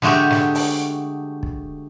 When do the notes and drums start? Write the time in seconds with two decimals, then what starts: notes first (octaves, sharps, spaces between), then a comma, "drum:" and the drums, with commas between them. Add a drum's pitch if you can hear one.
0.02 D3 G#3 A3 F#4 G4, drum: snare
0.30 drum: snare
0.55 drum: open hi-hat
1.43 drum: kick